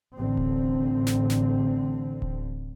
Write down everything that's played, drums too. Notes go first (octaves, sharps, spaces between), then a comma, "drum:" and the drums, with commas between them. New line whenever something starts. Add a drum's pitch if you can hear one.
A1 D3 C4
drum: kick D1
drum: snare
drum: snare
drum: kick D1